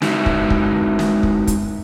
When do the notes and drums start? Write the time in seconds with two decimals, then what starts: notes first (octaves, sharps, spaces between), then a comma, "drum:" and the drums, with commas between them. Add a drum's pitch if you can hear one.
0.02 G#3 D#4 E4 F#4 E5, drum: snare
0.26 drum: kick
0.50 drum: kick
0.99 drum: snare
1.23 drum: kick
1.47 drum: kick, hi-hat